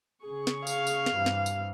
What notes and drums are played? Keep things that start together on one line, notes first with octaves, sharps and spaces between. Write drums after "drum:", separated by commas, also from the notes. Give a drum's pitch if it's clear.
C#3 G#4 C#6
drum: snare
F5, drum: tambourine
drum: tambourine
drum: snare
G2 C3 E3
drum: snare
drum: tambourine